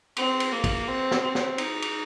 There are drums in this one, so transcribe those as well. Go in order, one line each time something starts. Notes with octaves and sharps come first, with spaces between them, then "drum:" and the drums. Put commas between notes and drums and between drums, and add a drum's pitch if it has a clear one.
C4, drum: cymbal
drum: cymbal
A#3
drum: kick, cymbal
C4
drum: snare
C4
drum: snare
D#4, drum: cymbal
drum: cymbal